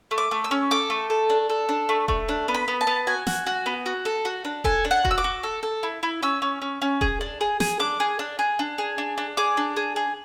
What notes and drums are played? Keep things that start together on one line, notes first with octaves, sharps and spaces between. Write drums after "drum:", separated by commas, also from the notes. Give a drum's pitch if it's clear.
A3
D6
A3
E6
C#4
A4 D6
A3
A4
D4
A4
D4
A3
A3, drum: kick E1
D4
B3
B5
B3
A5
B3
F#4 G#5
F#4, drum: snare
F#4
B3
F#4
A4
F#4
D4
A4 G#5, drum: kick E1
D4
F#5
F#4, drum: kick E1
E6
D6
F#4
A4
A4
E4
E4
C#4 E6
C#4
C#4
C#4
G#4, drum: kick E1
D4
G#4
G#4, drum: snare
D4 D6
G#4
D4
G#4
D4
G#4
D4
D4
G#4 D6
D4
G#4
G#4